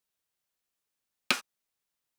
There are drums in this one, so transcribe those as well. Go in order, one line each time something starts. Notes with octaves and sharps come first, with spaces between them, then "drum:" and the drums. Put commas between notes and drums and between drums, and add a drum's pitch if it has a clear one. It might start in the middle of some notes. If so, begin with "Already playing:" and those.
F#3
E2
drum: rim click
F#4